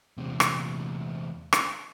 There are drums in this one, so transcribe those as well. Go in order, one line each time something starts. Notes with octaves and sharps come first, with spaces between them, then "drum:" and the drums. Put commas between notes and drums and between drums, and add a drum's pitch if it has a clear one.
E2 C3
drum: rim click
drum: rim click